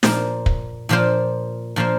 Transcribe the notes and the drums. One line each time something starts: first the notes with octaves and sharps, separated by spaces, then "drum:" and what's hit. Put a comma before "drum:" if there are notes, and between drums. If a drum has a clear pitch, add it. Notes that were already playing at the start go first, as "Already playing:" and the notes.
A#2 F3 A#3 F4 C5, drum: snare
drum: kick
A#2 F3 A#3 F4 C5
A#2 F3 A#3 F4 C5